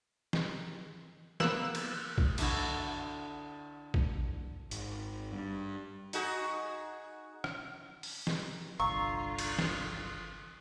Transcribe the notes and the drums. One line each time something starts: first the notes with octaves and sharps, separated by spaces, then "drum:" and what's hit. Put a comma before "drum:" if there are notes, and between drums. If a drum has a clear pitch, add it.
drum: snare
F3 A#3 B3 E6 F#6, drum: snare
drum: cymbal
drum: kick A#1
D3 D4 E4 F#4, drum: cymbal
drum: kick A#1
G#1, drum: hi-hat
G2
D#4 F#4 G#4, drum: hi-hat
drum: rim click
drum: open hi-hat
drum: snare
G1 C2 D3 F4 F5 A#5 C#6 E6
drum: cymbal
drum: snare